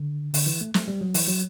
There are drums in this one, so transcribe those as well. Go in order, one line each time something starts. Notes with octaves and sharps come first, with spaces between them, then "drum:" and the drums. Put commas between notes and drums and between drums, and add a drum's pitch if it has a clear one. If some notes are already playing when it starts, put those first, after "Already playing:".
Already playing: D3
D3, drum: open hi-hat
E3
A3
A3, drum: snare
G3
F#3
E3, drum: open hi-hat
F#3